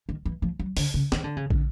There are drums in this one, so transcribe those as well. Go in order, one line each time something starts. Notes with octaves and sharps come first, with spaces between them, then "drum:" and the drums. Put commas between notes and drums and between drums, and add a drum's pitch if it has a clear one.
D#3
E3
F3
F#3
D3, drum: open hi-hat
C#3
D#3, drum: snare
D3
C#3
D3, drum: kick